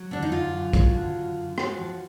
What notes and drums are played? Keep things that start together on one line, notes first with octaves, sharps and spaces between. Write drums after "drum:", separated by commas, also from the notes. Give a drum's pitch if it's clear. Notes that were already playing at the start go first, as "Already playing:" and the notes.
Already playing: F#3
D3 D4
D#4
F#2 F4
F#2
F#3, drum: kick, hi-hat
D3
F#2
F#2
G#2 F#4, drum: rim click
F3